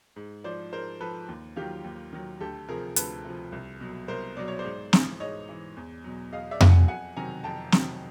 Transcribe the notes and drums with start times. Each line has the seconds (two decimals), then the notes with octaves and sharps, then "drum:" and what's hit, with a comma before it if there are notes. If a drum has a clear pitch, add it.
0.16 G#2
0.44 F3 C5 D5
0.72 G#2 A#4 C5
1.00 F3 A4 B4
1.28 D#2
1.56 D#3 F#3 F4 G4
1.84 D#2
2.13 D#3 F#3
2.40 D2 G4 A4
2.68 C3 F3 G#4 A#4
2.96 D2 A4 B4, drum: hi-hat
3.25 C3 F3
3.52 C2
3.80 B2 F#3
4.08 C2 A#4 C5
4.36 B2 F#3 D5
4.48 C#5
4.59 C5 D5
4.64 G#2
4.93 E3, drum: snare
5.20 G#2 C#5 D#5
5.49 E3
5.77 E2
6.04 B2 F#3
6.33 E2 D#5 F5
6.51 D5 E5
6.60 B2 F#3, drum: tom F2
6.70 F#5 G#5
6.88 F2 F#5 G#5
7.16 C3 D#3 F#3 G#5 A#5
7.44 F2 G5 A5
7.72 C3 D#3 F#3, drum: snare